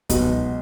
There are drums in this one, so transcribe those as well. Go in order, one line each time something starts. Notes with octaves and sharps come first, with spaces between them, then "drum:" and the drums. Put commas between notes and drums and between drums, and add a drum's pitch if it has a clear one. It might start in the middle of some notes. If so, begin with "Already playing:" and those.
B1 B2 G#3 D#4 F#4, drum: kick C#2, hi-hat